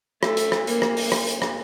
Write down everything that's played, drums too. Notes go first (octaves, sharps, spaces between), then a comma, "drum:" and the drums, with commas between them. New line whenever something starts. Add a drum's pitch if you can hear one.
A3, drum: rim click
drum: hi-hat
drum: rim click
A#3, drum: hi-hat
drum: rim click
drum: open hi-hat
drum: rim click
drum: hi-hat
drum: rim click